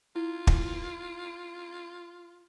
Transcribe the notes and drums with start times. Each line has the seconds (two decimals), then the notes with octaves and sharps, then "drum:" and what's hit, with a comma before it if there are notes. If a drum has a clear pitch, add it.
0.15 E4 F4
0.47 drum: kick